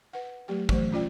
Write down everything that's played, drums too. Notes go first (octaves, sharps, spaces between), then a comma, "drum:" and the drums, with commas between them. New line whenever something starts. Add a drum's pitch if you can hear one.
B4 F#5
F#3 A3 G4 G5
E3 F#3 A3 C5, drum: kick
C#4 F4 D5 G5